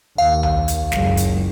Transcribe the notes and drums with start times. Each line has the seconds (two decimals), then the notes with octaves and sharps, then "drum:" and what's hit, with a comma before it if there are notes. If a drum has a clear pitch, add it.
0.18 D#2 F5
0.43 drum: tom B1
0.68 drum: hi-hat
0.92 F#1 C#2, drum: snare
1.17 drum: hi-hat